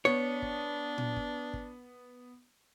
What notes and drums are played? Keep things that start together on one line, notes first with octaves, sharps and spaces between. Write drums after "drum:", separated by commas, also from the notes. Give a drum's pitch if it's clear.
B3 D4 C#5
drum: kick
drum: tom A#2
drum: kick
drum: kick